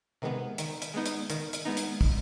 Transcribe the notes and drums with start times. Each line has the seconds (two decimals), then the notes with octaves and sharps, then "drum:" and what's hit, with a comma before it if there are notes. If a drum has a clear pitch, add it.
0.22 C3 D#3 G#3 B3
0.58 D#3, drum: hi-hat
0.82 drum: hi-hat
0.94 G#3 B3 D#4
1.06 drum: hi-hat
1.30 D#3, drum: hi-hat
1.53 drum: hi-hat
1.65 G#3 B3 D#4
1.77 drum: hi-hat
2.01 drum: kick, open hi-hat